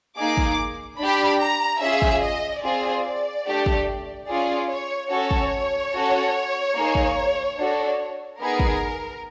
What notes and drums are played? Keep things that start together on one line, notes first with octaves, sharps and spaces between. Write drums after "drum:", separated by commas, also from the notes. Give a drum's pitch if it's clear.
A#3 D#4 G#4 D6
drum: kick
D4 G4 B5
A#5
C#4 F4 G#4 E5
drum: kick
D#5
C4 F4 G#4 D5
A3 D4 G4
drum: kick
C#4 F4 G#4 D5
C#5
C#4 F#4 A4 C#5
drum: kick
C#4 F#4 A4
A#3 D#4 G#4
drum: kick
D4 F#4 A4
B3 D#4 G#4 A#4
drum: kick